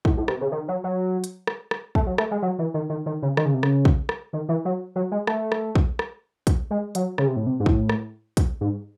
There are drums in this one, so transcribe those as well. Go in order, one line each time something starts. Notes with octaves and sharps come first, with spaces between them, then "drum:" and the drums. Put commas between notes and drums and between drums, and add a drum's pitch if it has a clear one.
A2, drum: kick
A2
C3, drum: rim click
C#3
D#3
F#3
F#3
drum: hi-hat
drum: rim click
drum: rim click
A3, drum: kick
F#3
A3, drum: rim click
G#3
F#3
E3
D#3
D#3
D#3
C#3
D#3, drum: rim click
C#3
C3
C#3, drum: rim click
drum: kick
drum: rim click
D#3
E3
F#3
F#3
G#3
A3, drum: rim click
drum: rim click
drum: kick
drum: rim click
drum: kick, hi-hat
G#3
F#3, drum: hi-hat
C#3, drum: rim click
C3
A2
C3
G#2
A2, drum: kick
drum: rim click
drum: kick, hi-hat
G#2